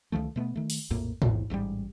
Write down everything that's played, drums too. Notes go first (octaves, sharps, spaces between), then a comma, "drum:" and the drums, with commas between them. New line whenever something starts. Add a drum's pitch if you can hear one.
C#2 D#3 F3 A3
B2 A3 B3
D#3 A3
drum: open hi-hat
A#1 F2 A2 A#3
A#1 E2, drum: tom G#2
A1 G#2 D3 G3